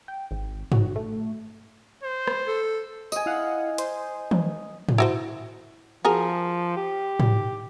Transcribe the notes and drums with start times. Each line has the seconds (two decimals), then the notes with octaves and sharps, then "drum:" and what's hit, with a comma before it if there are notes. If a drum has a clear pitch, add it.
0.08 G5
0.31 G#1
0.72 F#4, drum: tom G2
0.96 A3
2.03 C5
2.28 drum: rim click
2.48 A4
3.12 D#5 G#5, drum: tambourine
3.26 E4 F5 F#5
3.78 C5, drum: hi-hat
4.31 drum: tom D#3
4.89 drum: tom G#2
4.98 E4 F#4 C5
6.05 F3 F#4 G#4 A#4
6.77 G4
7.20 drum: tom G#2